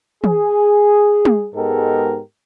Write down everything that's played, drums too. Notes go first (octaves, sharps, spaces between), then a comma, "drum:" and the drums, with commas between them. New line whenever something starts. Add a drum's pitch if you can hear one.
G#4, drum: tom
drum: tom
G#2 G#3 B3 G4 A4 A#4